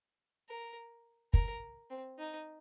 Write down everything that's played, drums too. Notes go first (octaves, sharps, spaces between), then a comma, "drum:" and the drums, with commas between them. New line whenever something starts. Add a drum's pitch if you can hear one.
A#4
A#4, drum: kick
C4
D#4